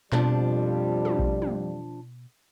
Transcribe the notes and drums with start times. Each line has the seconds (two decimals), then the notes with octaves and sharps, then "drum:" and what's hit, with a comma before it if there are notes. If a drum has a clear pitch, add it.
0.12 F2 B2 F3 G3 D4, drum: clap
1.05 drum: tom
1.19 drum: kick A#1
1.42 drum: tom